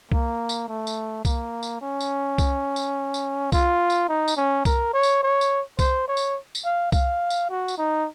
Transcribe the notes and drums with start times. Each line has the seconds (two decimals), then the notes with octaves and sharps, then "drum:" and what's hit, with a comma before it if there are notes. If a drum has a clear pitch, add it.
0.12 A#3, drum: kick C2
0.49 drum: tambourine
0.68 A3
0.87 drum: tambourine
1.25 A#3, drum: kick C2, tambourine
1.63 drum: tambourine
1.81 C#4
2.01 drum: tambourine
2.38 drum: kick C2, tambourine
2.76 drum: tambourine
3.14 drum: tambourine
3.52 F4, drum: kick C2, tambourine
3.90 drum: tambourine
4.09 D#4
4.28 drum: tambourine
4.37 C#4
4.65 A#4, drum: kick C2, tambourine
4.94 C#5
5.03 drum: tambourine
5.23 C#5
5.41 drum: tambourine
5.79 C5, drum: kick C2, tambourine
6.08 C#5
6.17 drum: tambourine
6.55 drum: tambourine
6.64 F5
6.92 F5, drum: kick C2, tambourine
7.30 drum: tambourine
7.50 F#4
7.68 drum: tambourine
7.78 D#4